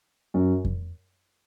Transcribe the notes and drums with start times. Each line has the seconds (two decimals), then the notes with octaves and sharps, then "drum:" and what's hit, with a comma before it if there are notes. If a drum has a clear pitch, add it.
0.34 F#2
0.65 drum: kick F2